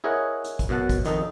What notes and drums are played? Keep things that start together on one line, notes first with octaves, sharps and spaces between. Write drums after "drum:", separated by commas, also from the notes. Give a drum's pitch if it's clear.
E4 G#4 A#4 C#5 D#5 F#5
drum: hi-hat
drum: kick, hi-hat
F#2 B2 F#5 A5
drum: kick, hi-hat
F2 D#3 D#4 A4, drum: hi-hat